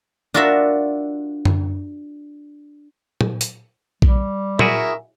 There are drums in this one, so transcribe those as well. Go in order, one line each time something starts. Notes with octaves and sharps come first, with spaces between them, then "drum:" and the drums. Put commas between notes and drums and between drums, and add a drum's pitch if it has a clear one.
D4 F4 F#4 A#4 E5
drum: tom F#2
drum: tom
drum: hi-hat
G3, drum: kick A#1
E4 F#4 G#4 A#4 E5, drum: tom